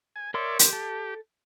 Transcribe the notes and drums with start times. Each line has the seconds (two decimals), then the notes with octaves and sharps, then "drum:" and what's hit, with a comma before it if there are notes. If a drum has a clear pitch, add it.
0.16 G#5
0.34 A#4 C#5 D5 E5 C6
0.59 G4, drum: hi-hat
0.73 A4